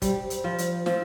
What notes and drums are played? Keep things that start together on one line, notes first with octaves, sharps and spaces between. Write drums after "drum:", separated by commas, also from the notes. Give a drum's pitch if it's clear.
G3 C5, drum: kick, hi-hat
C5, drum: hi-hat
F3
D5, drum: hi-hat
C5
F3 C5, drum: snare